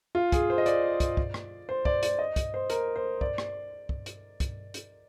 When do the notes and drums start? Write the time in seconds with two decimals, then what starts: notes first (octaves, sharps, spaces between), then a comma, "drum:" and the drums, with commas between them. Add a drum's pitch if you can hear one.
0.15 F4
0.32 G#4, drum: kick, hi-hat
0.50 C5
0.58 D#5
0.66 D5, drum: hi-hat
1.00 drum: kick, hi-hat
1.17 drum: kick
1.34 drum: rim click
1.69 C5
1.85 D5, drum: kick
2.03 D5, drum: hi-hat
2.19 D#5
2.36 drum: kick, hi-hat
2.54 C5
2.70 A#4, drum: hi-hat
2.96 C5
3.21 D5, drum: kick
3.38 drum: rim click
3.89 drum: kick
4.06 drum: hi-hat
4.40 drum: kick, hi-hat
4.74 drum: hi-hat